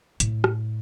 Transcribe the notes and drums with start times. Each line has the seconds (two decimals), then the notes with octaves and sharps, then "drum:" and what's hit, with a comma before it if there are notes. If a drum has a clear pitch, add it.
0.20 A2, drum: hi-hat
0.44 drum: rim click